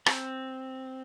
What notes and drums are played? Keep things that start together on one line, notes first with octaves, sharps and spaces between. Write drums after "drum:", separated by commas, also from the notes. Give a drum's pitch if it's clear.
C4, drum: rim click